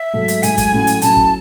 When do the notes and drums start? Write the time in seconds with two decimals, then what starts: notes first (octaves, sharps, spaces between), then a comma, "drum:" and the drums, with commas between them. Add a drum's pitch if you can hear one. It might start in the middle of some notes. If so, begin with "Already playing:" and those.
Already playing: E5
0.13 G#2 F#3 A3
0.28 drum: hi-hat
0.43 G#2 F#3 A3 G#5, drum: hi-hat
0.58 drum: kick, hi-hat
0.72 A2 F#3 C#4 F#4
0.87 drum: hi-hat
1.02 A2 F#3 C#4 F#4 A5, drum: hi-hat
1.16 drum: kick